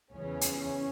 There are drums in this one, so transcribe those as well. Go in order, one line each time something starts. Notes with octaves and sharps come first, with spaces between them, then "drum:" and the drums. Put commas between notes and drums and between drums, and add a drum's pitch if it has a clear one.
E2 C#3 E3 C#4
drum: hi-hat